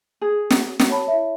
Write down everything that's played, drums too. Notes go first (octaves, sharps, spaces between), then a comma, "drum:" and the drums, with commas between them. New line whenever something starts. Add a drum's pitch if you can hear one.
G#4
drum: snare
drum: snare
C#5 A5 B5
E4 E5